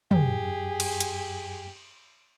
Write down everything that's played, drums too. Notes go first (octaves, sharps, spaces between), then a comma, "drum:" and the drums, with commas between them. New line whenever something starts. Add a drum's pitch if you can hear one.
F#2 G4 G#4, drum: tom
drum: cymbal
drum: hi-hat